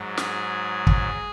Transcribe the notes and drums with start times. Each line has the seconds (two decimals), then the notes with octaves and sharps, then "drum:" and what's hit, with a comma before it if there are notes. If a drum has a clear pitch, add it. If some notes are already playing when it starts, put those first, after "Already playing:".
Already playing: G#2 F#3
0.17 G#4, drum: snare
0.87 drum: kick